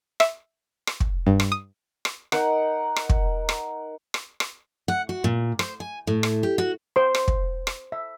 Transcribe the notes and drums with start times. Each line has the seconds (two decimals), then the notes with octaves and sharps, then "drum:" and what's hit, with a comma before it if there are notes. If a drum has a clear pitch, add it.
0.20 E5, drum: rim click
0.87 drum: rim click
1.00 drum: kick
1.27 G2
1.40 drum: rim click
1.52 D#6
2.05 drum: rim click
2.32 D#4 A#4 F#5, drum: rim click
2.96 drum: rim click
3.09 drum: kick
3.49 drum: rim click
4.14 drum: rim click
4.40 drum: rim click
4.88 F#5
5.09 F#4
5.24 A#2
5.59 C5, drum: rim click
5.80 G#5
6.07 A2
6.23 drum: rim click
6.43 G4
6.58 F#4
6.96 C5 C6
7.15 drum: rim click
7.28 drum: kick
7.67 drum: rim click
7.92 E5